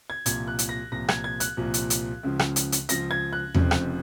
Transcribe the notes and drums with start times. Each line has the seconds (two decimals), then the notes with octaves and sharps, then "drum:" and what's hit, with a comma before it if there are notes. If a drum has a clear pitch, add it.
0.10 G#6
0.26 C2 A#2 F3 G#6, drum: hi-hat
0.47 F#6
0.59 drum: hi-hat
0.69 A#6
0.92 C2 A#2 F3 A#6
1.09 G#6, drum: rim click
1.24 G#6
1.40 F#6, drum: hi-hat
1.57 C2 A#2 F3
1.74 drum: hi-hat
1.90 drum: hi-hat
2.23 C#2 C#3 F3
2.39 drum: rim click
2.56 drum: hi-hat
2.72 drum: hi-hat
2.89 C#2 C#3 F3 A#6, drum: hi-hat
3.11 G#6
3.33 F#6
3.55 F1 F2 C#3 F3, drum: tom E2
3.71 drum: rim click